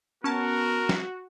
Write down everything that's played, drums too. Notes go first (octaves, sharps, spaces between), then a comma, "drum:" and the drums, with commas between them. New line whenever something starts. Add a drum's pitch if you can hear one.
B3 C#4 F#4 A#4 A5
drum: snare